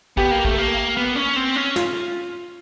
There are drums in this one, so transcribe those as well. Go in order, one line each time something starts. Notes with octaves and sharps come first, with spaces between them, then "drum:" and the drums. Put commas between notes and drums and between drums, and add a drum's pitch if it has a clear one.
B3 G4, drum: kick
A#3
A3, drum: kick
A#3
B3
C#4
C4
C#4
F4, drum: snare